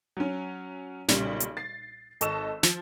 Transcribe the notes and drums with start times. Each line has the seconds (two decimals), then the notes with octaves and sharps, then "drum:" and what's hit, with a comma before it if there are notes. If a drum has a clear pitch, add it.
0.17 F#3 C#4
1.08 B1 A#2 C#3 G3, drum: snare
1.40 drum: hi-hat
1.57 A6 C7
2.21 G#1 A4 D#5 C#6 E6 E7, drum: hi-hat
2.63 F3, drum: snare